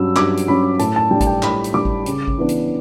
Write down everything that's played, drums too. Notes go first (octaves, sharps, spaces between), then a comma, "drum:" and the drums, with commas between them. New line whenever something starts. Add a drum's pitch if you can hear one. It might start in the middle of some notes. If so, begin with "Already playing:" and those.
Already playing: G2 F#3 C#4 E6
G2 D6, drum: clap
drum: hi-hat
F#3 C#4 B5
A2 A5, drum: hi-hat
A5
G3 D4 G5
A5, drum: kick G#1, hi-hat
G5
A2 B5, drum: clap
drum: hi-hat
G3 D4 D6
drum: kick G#1
C#3, drum: hi-hat
drum: kick G#1
E3 B3 D4
drum: hi-hat